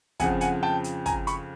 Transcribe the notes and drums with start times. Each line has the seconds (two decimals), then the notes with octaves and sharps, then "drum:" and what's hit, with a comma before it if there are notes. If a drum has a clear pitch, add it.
0.20 F2 C#3 F3 F#5 G#5, drum: kick, hi-hat
0.41 F#5 G#5, drum: hi-hat
0.63 G5 A5
0.84 drum: hi-hat
1.06 G#5 A#5, drum: kick, hi-hat
1.27 B5 C#6, drum: hi-hat